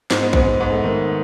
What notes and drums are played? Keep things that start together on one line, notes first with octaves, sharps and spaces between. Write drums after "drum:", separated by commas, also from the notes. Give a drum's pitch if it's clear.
G#2 C4, drum: snare
B3
G#2 C4, drum: kick A#1
G#2 B3
A3
D#3 A3